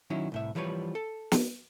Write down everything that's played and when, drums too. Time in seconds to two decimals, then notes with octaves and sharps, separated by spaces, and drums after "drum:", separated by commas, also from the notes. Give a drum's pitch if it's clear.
0.10 D#3 F#3 C#4 E4
0.32 C2 A2 E5
0.55 E3 F3 G3 B4 C#5
0.95 A4
1.32 drum: snare